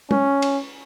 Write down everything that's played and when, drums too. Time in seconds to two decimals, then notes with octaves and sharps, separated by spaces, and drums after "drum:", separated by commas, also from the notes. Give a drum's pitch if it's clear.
0.11 C#4, drum: tom
0.42 drum: cymbal